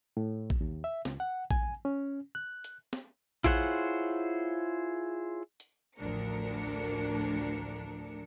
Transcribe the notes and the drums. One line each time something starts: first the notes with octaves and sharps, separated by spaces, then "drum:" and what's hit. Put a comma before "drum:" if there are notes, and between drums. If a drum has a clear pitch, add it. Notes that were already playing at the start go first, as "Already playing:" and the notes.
A2
drum: kick A#1
D#2
E5
C#2, drum: snare
F#5
G#5, drum: kick A#1
C#4
F#6
drum: hi-hat
drum: snare
E4 F4 G#4 C5 C#5 F#5, drum: kick A#1
drum: hi-hat
A1 D2 F3 D4 A#4 C#7
drum: tambourine